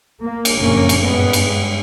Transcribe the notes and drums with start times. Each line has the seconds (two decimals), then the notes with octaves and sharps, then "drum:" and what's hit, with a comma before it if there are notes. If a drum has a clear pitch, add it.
0.23 A#3
0.45 drum: cymbal
0.58 F#1 F2 A#2 D3 A#3 C#4
0.89 drum: cymbal
1.02 G2 G#3 B3
1.33 drum: cymbal